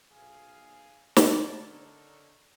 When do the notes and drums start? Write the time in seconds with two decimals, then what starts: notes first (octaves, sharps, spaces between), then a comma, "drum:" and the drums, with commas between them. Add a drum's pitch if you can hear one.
0.10 B1 G#4 F5 G#5
1.16 A5, drum: snare
1.58 D3 D4 D#4 A4 A#4 C#5